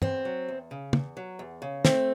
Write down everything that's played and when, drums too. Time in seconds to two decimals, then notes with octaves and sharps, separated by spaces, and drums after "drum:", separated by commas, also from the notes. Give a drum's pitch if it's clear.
0.02 E2 C4, drum: tom G2
0.25 F#3
0.48 E2
0.71 C#3
0.93 E2, drum: tom
1.17 F#3
1.39 E2
1.62 C#3
1.85 A3 C4, drum: snare